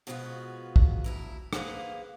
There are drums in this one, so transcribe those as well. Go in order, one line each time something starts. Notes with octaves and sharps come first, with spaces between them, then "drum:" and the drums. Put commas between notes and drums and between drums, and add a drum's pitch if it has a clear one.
B2 F3 G#3 B3 F4 F#4
drum: kick
D2 E4 A#4
A#3 G#4 B4 C5 F5 F#5, drum: rim click